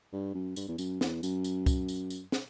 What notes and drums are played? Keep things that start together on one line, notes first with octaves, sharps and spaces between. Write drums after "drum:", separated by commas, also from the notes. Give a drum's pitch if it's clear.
G2
F#2
G2, drum: tambourine
E2
F#2, drum: tambourine
E2, drum: snare
F#2, drum: tambourine
drum: tambourine
drum: kick C2, tambourine
drum: tambourine
drum: tambourine
drum: snare